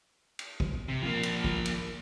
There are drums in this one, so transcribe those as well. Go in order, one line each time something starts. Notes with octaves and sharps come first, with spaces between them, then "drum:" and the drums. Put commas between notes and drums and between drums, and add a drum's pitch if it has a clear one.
drum: cymbal
drum: kick
C3
F3 A#3
drum: cymbal
drum: kick
drum: cymbal